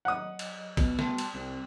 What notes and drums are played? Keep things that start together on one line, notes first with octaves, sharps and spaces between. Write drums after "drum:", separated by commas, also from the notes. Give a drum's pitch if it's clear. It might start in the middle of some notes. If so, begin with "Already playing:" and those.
F#3 C#5 D#5 F#5 D#6
drum: cymbal
B2, drum: kick, cymbal
G3 A5 C6, drum: snare
drum: cymbal
C2 G3 C4